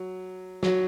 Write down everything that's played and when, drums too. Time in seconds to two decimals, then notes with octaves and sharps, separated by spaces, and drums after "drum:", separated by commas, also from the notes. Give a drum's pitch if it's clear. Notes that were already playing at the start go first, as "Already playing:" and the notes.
Already playing: F#3
0.63 F#3, drum: snare